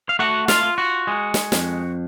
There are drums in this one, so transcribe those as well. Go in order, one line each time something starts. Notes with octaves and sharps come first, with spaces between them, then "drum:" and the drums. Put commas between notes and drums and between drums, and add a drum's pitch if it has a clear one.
F5
A3 F#4 F#5
F4 F5, drum: snare
F4
F#4
G#3
drum: snare
F2, drum: snare